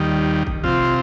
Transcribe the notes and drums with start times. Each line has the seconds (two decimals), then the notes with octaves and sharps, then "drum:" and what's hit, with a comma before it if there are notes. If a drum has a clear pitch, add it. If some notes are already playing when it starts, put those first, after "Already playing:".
Already playing: D#2 D#3 G3
0.47 drum: kick
0.64 C3 F3 C4 F4, drum: kick